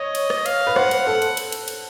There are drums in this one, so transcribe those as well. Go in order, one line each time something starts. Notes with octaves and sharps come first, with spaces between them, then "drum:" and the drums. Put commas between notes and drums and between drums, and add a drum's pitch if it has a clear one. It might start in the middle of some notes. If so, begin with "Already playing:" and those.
Already playing: C#5 D#5
drum: cymbal
drum: rim click
F5, drum: cymbal
B4
C5 F#5, drum: rim click
drum: cymbal
A4
drum: cymbal
drum: cymbal
drum: cymbal
drum: cymbal